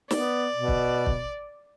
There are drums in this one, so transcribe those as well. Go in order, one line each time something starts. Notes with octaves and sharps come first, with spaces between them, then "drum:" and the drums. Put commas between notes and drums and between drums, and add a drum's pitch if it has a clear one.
B3 D5, drum: snare
B2
drum: kick
drum: kick